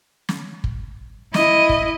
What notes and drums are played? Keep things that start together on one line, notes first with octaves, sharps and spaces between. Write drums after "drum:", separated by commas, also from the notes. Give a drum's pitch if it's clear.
drum: snare
drum: kick
E4 D#5, drum: snare
drum: kick